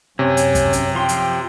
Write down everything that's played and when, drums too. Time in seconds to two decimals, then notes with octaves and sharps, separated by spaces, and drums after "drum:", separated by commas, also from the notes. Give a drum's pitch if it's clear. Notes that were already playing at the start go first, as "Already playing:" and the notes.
0.19 F#2 C3 C#4
0.37 drum: hi-hat
0.55 drum: kick, hi-hat
0.73 drum: hi-hat
0.95 F3 G5 C6
1.09 drum: hi-hat